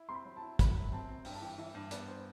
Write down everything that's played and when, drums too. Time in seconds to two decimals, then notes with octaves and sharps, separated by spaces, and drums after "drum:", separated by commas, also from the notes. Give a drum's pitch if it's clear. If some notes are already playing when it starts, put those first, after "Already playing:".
Already playing: E4
0.09 C4 C6
0.14 B5
0.25 F#3
0.36 A5
0.42 E4
0.59 F#3 B5, drum: kick, hi-hat
0.76 F#2
0.92 C4 A5
1.08 C4
1.25 G2 G5, drum: open hi-hat
1.35 A5
1.41 E3 G5
1.58 E3 E5
1.75 G2
1.91 B3 D5, drum: hi-hat
2.08 C5